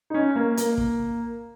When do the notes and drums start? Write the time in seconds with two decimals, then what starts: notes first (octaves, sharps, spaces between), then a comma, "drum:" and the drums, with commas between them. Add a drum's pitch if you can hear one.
0.10 D#4
0.14 C#4
0.35 A#3
0.57 A#3, drum: hi-hat
0.77 drum: kick